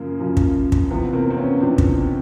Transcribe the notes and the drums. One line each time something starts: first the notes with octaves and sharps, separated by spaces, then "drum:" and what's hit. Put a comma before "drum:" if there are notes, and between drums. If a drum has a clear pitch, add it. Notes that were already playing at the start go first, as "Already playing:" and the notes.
Already playing: F#2 C#3 F3 A#3
F#2 C#3 F3
drum: kick
drum: kick
E2 C3 F3 B3
A#3 C4
C4
B3 C#4
E2 C3 F3 C4 D4
drum: kick